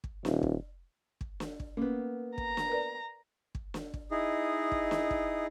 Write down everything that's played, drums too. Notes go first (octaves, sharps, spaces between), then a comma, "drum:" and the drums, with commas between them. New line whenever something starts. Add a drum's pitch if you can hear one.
drum: kick
D#1, drum: snare
drum: kick
drum: kick
drum: snare
drum: kick
A#3 B3 C#4
A#5, drum: kick
drum: snare
A#4 B4 D5
drum: kick
drum: snare
drum: kick
D#4 E4 G#4 D#5
drum: kick
drum: snare
drum: kick